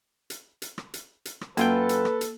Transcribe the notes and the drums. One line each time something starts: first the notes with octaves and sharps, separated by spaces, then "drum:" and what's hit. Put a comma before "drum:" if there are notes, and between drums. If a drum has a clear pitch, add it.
drum: hi-hat
drum: hi-hat
drum: rim click
drum: hi-hat
drum: hi-hat
drum: rim click
F#2 A#3 F4 A4 B4 G5, drum: hi-hat
drum: hi-hat
drum: rim click
drum: hi-hat